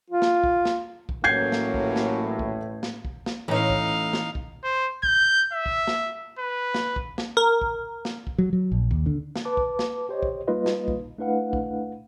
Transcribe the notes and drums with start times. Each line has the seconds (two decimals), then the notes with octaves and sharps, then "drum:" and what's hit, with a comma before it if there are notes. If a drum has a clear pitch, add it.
0.10 F4
0.22 drum: snare
0.44 drum: kick
0.65 drum: snare
1.09 drum: kick
1.24 A1 A2 F#3 A#3 C#4 G6 G#6 C7
1.52 drum: snare
1.74 drum: kick
1.96 drum: snare
2.39 drum: kick
2.83 drum: snare
3.05 drum: kick
3.26 drum: snare
3.48 A2 E3 C#4 D#4 F5
3.70 drum: kick
4.13 drum: snare
4.35 drum: kick
4.64 C5
5.03 G6, drum: kick
5.53 E5
5.66 drum: kick
5.87 drum: snare
6.39 B4
6.74 drum: snare
6.96 drum: kick
7.18 drum: snare
7.37 A#4
7.61 drum: kick
8.05 drum: snare
8.27 drum: kick
8.38 F#3
8.53 F#3
8.72 A#1
8.91 D#2, drum: kick
9.06 D3
9.36 drum: snare
9.45 B4 A5 D6
9.57 drum: kick
9.79 drum: snare
10.09 G4 C5 C#5 D#5
10.23 drum: kick
10.48 G3 A#3 D#4 F4 B4 D#5
10.66 drum: snare
10.88 drum: kick
11.18 A3 D4 E4 B4 F5 F#5
11.53 drum: kick